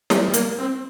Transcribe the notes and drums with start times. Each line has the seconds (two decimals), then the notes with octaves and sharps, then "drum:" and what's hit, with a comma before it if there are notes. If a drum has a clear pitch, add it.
0.10 G3, drum: snare
0.28 G3
0.33 A#3, drum: hi-hat
0.58 C4